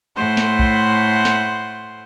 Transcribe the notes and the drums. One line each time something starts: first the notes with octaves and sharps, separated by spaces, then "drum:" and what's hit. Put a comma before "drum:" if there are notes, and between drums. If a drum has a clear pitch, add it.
A2 A3 C5 F#5 C6
drum: snare
drum: kick B1
drum: snare